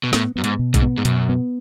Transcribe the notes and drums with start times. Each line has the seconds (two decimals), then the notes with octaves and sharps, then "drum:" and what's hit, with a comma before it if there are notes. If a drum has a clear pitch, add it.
0.03 B2
0.13 A2 B3, drum: snare
0.36 F#2 B3
0.44 G#2, drum: hi-hat
0.59 B2
0.74 G#2, drum: kick A#1, hi-hat
0.82 B3
0.98 G#2
1.05 F#2 B2, drum: hi-hat
1.29 B3